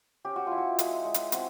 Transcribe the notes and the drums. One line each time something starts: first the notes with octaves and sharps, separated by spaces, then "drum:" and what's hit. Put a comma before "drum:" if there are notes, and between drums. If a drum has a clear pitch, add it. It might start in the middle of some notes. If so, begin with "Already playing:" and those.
C#4 G4
F#4
E4 F4
F#4
G#3, drum: hi-hat
G#3
drum: hi-hat
C4 F#4, drum: hi-hat